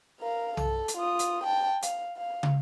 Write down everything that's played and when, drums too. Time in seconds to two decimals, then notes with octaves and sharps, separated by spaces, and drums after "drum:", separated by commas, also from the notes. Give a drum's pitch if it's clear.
0.21 A#4 F5
0.57 A4, drum: tom B1
0.88 drum: hi-hat
0.97 F4 D#6
1.19 drum: hi-hat
1.43 G5 A5
1.82 F5, drum: hi-hat
2.17 F5
2.43 drum: tom